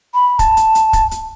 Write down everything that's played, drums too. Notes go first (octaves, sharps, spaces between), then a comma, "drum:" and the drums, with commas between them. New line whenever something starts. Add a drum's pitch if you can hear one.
B5
A5, drum: kick, hi-hat
drum: hi-hat
drum: hi-hat
drum: kick, hi-hat
drum: hi-hat